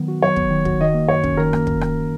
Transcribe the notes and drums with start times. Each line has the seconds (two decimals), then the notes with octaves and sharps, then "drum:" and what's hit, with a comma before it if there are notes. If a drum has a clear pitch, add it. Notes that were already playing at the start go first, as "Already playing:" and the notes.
Already playing: D#3 F#3 B3
0.08 F#4
0.23 F#3 C#5
0.36 B3, drum: kick
0.51 D#3
0.65 F#4, drum: kick
0.81 D#3 D#5
0.94 A#3
1.09 F#2 C#5
1.24 C#4, drum: kick
1.37 D#3 A#4
1.53 A#3, drum: rim click
1.67 drum: kick
1.81 drum: rim click